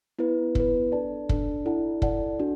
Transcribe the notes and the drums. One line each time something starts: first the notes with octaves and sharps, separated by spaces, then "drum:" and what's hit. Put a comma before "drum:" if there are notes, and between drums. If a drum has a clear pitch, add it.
B3 E4 B4
B3 E4 B4, drum: kick
D4 A4 D5 A5
D4 A4 D5 A5, drum: kick
E4 A4 D5 F#5 A5
E4 A4 D5 F#5 A5, drum: kick
D4 F#4